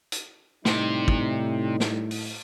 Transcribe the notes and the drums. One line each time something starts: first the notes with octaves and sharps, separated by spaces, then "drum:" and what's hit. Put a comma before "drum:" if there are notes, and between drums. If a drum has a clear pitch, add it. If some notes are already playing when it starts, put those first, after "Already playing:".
drum: hi-hat
A2 C3 G3 D#4, drum: snare
drum: kick
drum: snare
drum: open hi-hat